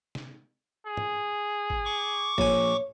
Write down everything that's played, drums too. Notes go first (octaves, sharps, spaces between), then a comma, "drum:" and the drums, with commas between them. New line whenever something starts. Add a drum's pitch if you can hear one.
drum: snare
G#4
drum: tom
drum: kick G#1
C#6 D6
A#1 C#5 G#5, drum: kick G#1